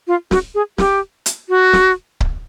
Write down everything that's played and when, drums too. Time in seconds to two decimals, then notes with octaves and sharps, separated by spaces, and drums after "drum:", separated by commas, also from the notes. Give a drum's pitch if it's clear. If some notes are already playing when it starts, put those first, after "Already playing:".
0.07 F4
0.31 F#4, drum: snare
0.55 G#4
0.78 G4, drum: snare
1.26 drum: hi-hat
1.49 F#4
1.73 drum: snare
2.21 drum: kick C#1